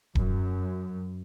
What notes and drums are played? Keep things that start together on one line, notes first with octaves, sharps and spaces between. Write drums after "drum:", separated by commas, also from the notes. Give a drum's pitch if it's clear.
F#2, drum: kick D#1